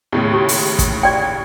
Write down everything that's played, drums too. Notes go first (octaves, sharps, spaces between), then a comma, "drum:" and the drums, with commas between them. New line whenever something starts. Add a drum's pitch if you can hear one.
D#2 A2 C#3
G4
drum: open hi-hat
drum: kick, hi-hat
D5 G5